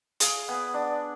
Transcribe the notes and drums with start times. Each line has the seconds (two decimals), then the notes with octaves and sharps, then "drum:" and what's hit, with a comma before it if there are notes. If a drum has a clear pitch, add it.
0.20 G#4 F5, drum: hi-hat
0.48 B3 F#5 G#5
0.74 D4